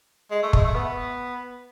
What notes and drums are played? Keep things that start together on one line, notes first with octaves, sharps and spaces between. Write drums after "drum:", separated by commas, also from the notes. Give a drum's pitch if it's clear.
G#3
A3
G#3, drum: kick
A3
B3